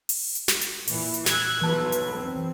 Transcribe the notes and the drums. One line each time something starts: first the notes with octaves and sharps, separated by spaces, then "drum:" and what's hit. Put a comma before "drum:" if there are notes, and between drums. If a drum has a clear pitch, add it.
drum: open hi-hat
drum: hi-hat
drum: snare
drum: hi-hat
A#2 E3, drum: open hi-hat
drum: hi-hat
E6 F#6 G#6, drum: snare
B1 E3 B4 A5 E6
drum: hi-hat
C4